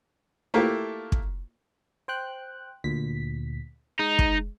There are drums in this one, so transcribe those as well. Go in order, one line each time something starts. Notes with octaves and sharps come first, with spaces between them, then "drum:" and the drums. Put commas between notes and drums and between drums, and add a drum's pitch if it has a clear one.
A3 A#3 E4 F4 G4 A4
drum: kick
C5 G5 F#6
D2 A#2 B6
G#3 D#4
drum: kick